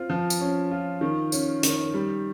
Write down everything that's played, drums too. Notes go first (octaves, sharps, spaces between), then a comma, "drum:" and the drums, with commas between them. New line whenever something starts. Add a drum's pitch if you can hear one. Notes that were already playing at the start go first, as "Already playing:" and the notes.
Already playing: C4 F4
F3
drum: tambourine
C#4
F4
D#3
C#4, drum: tambourine
D#3, drum: hi-hat
G3